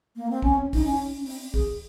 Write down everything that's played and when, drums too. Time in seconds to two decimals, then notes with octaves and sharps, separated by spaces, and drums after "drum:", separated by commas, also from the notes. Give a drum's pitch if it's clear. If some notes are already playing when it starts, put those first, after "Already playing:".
0.16 A#3
0.30 C4
0.42 C#4, drum: kick
0.73 D#4, drum: kick, open hi-hat
0.84 C#4
1.20 C#4
1.26 C4, drum: open hi-hat
1.54 G#4, drum: kick